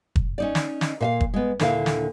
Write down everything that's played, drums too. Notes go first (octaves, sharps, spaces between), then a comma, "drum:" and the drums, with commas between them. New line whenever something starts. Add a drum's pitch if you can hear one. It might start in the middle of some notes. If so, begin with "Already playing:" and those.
drum: kick
C#4 D#4 D5
drum: snare
drum: snare
A#2 E5 F5
drum: kick
G#3 B3
D#2 A#2 D3 E4 A#4 F5, drum: snare
drum: snare